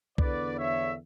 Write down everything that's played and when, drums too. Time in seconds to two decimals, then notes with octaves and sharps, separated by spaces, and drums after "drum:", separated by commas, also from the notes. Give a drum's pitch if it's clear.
0.18 E2 D3 B4 D5, drum: kick B1
0.58 C#5 E5